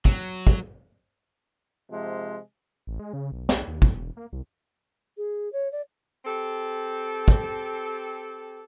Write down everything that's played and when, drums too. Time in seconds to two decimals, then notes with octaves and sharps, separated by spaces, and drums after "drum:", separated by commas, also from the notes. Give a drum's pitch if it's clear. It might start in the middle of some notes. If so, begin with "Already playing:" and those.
0.05 F#3, drum: kick
0.47 drum: kick
1.91 C3 F3 G#3
2.87 A1
2.99 G#3
3.13 C#3
3.32 B1
3.49 B1, drum: snare
3.68 D#2
3.82 F2, drum: kick
3.95 E1
4.17 A#3
4.33 C2
5.17 G#4
5.52 C#5
5.72 D5
6.25 C4 G4 A4
7.28 drum: kick